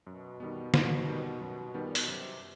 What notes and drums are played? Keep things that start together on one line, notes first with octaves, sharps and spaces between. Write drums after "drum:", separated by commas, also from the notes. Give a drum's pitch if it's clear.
F#2 B2
D#3 G3 B3
F#2, drum: snare
D#3 G3 B3
F#2
D#3 G3 B3
A#2
B2, drum: open hi-hat
F#2 C3